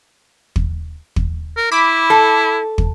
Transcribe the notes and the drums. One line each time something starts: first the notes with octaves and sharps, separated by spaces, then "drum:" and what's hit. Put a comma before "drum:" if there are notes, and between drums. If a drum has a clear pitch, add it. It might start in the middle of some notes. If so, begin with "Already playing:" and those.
drum: kick
drum: kick
A#4
E4 B5 D6
A4
drum: kick